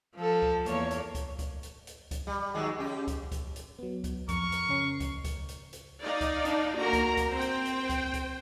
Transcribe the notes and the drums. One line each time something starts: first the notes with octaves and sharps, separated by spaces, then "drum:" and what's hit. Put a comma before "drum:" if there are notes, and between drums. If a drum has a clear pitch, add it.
F3 A4
drum: kick C#2
E2 A#3 C#5, drum: hi-hat
drum: hi-hat
drum: kick C#2, hi-hat
drum: kick C#2, hi-hat
drum: hi-hat
drum: hi-hat
drum: kick C#2, hi-hat
G3
D#3 F#3 G#3
C#3 G4
drum: kick C#2, hi-hat
drum: kick C#2, hi-hat
drum: hi-hat
F#3 B3
drum: kick C#2, hi-hat
F2 A#4 C#6, drum: kick C#2, hi-hat
drum: hi-hat
C#3 C#4 C7
drum: kick C#2, hi-hat
drum: kick C#2, hi-hat
drum: hi-hat
drum: hi-hat
D#4 D5 F5
drum: kick C#2, hi-hat
D4, drum: hi-hat
A#3 F#4 A#4 A#5
drum: kick C#2, hi-hat
drum: kick C#2, hi-hat
C4 C5 G5
drum: hi-hat
drum: hi-hat
drum: kick C#2, hi-hat
drum: kick C#2, hi-hat